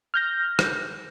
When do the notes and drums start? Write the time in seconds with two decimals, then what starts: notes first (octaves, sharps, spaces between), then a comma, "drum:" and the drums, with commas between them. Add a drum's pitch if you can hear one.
0.14 F6 G6 A#6
0.59 drum: rim click